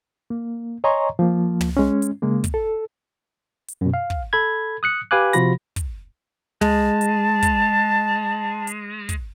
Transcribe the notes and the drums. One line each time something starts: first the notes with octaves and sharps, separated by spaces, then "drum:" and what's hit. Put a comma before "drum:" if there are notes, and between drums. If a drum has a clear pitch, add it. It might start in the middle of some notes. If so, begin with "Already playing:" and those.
A#3
C#5 D#5 G#5 A#5 C6 C#6
F3 A#3
drum: tom
G#3 C#4
drum: hi-hat
C#3 G#3 A#3
drum: kick, hi-hat
A4
drum: hi-hat
F#2 B2
F5
drum: kick
A4 B5 G#6
D#6 F#6 C#7
G4 B4 F5 G#5 D6 F#6
C3 F3 F4 F#4 B5 A#6, drum: hi-hat
drum: kick, hi-hat
G#3 A5, drum: tom
drum: hi-hat
drum: kick, hi-hat
drum: hi-hat
drum: kick, hi-hat